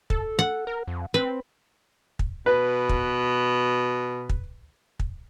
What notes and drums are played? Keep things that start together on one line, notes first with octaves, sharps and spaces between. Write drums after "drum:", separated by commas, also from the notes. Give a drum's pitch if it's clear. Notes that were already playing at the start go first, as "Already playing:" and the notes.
A4, drum: kick
F#5
A#4
F2
C4 B4
drum: kick
B2 B4
drum: kick
drum: kick
drum: kick